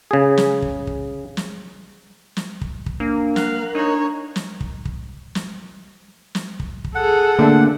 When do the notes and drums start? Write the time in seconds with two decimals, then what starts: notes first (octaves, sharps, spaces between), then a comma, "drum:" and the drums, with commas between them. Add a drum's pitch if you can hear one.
0.11 C#3 G#4
0.37 drum: snare
0.62 drum: kick
0.87 drum: kick
1.37 drum: snare
2.37 drum: snare
2.61 drum: kick
2.86 drum: kick
3.00 A#3 D4
3.36 A#4 F5 F#5 F#6, drum: snare
3.75 D4 D#4 C#5 A#5
4.36 drum: snare
4.60 drum: kick
4.85 drum: kick
5.35 drum: snare
6.35 drum: snare
6.60 drum: kick
6.84 drum: kick
6.95 G#4 A4 F#5
7.39 D3 A3 A#3 D4